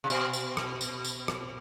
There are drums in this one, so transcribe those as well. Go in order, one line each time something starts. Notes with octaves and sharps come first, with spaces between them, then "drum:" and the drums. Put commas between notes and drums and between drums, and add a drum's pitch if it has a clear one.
C3
B2, drum: tambourine
drum: tambourine
drum: rim click
drum: tambourine
drum: tambourine
drum: rim click